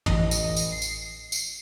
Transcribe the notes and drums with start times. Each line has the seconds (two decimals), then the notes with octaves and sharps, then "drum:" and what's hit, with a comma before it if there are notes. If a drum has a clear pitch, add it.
0.06 A1 E3 D#5, drum: tom
0.31 drum: tambourine
0.57 drum: tambourine
0.72 C7
0.82 drum: tambourine
1.32 drum: tambourine